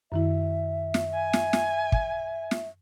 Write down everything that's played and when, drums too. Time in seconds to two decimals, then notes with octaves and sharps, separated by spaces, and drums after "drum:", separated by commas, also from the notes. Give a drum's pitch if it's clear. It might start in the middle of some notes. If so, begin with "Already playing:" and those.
0.12 F#2 D#3 E4 E5
0.94 drum: snare
1.14 G#5
1.33 drum: snare
1.53 drum: snare
1.92 drum: kick
2.51 drum: snare